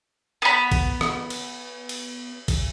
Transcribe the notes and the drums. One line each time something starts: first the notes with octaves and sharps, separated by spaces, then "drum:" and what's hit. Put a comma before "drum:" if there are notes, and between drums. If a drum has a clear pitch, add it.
B3 B5
drum: kick A#1, cymbal
drum: rim click
drum: cymbal
drum: cymbal
drum: kick A#1, cymbal